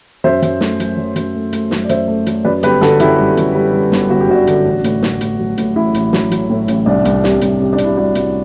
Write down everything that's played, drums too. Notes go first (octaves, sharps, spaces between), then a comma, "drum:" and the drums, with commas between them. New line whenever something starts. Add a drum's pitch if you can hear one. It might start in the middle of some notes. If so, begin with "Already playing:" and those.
F#2 C5 E5
F#2, drum: hi-hat
A3, drum: snare
F#3, drum: hi-hat
F#3
F#2, drum: hi-hat
A3
A3, drum: hi-hat
F#2, drum: snare
D5
F#2 C5 E5, drum: hi-hat
A3
F#3, drum: hi-hat
F#2 B4 D5
G1 G4 B4, drum: hi-hat
D3 F#4 A4, drum: snare
F#2 E4 G4, drum: hi-hat
G3
F#2, drum: hi-hat
G3
G3
G1, drum: snare
G1 F#4
G4
G1 D4 F#4
D3, drum: hi-hat
A1
A2, drum: hi-hat
A2, drum: snare
A2, drum: hi-hat
F#3
A2, drum: hi-hat
A1 E4
A1, drum: hi-hat
F#3, drum: snare
F#3, drum: hi-hat
A2
A1, drum: hi-hat
C2 D4
C2, drum: hi-hat
C3, drum: snare
C2, drum: hi-hat
C3
D4
C3, drum: hi-hat
E4
G3 D4 F#4
C2, drum: hi-hat